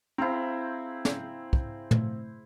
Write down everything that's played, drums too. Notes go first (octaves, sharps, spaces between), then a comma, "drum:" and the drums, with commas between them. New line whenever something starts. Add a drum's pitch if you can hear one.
C4 E4 G#4 C5 F5 A#5
drum: snare
drum: kick
A3, drum: tom